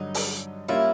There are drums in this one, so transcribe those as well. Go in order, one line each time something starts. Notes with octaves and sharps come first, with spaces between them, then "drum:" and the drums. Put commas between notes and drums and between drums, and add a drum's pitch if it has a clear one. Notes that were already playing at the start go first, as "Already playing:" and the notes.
Already playing: G2 D3 F#3 D#4
drum: open hi-hat
G3 A#3 C#4 E4 F4